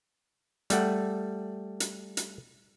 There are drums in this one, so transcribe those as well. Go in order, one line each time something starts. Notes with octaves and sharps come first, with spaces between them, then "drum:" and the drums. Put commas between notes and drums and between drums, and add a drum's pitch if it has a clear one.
G3 A3 F#5, drum: hi-hat
drum: hi-hat
drum: hi-hat